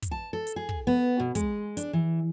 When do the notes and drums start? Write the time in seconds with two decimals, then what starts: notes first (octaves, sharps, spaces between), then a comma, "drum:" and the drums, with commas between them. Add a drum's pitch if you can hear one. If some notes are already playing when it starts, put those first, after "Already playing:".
0.02 drum: kick, hi-hat
0.11 A5
0.33 A4
0.47 drum: hi-hat
0.56 G#4
0.69 drum: kick
0.87 B3
1.20 B2
1.35 G#3, drum: kick, hi-hat
1.77 D4, drum: hi-hat
1.93 E3